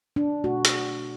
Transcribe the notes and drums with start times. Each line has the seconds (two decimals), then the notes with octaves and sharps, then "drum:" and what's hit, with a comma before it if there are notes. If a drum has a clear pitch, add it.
0.16 D4
0.44 B2 A3 F#4
0.65 drum: hi-hat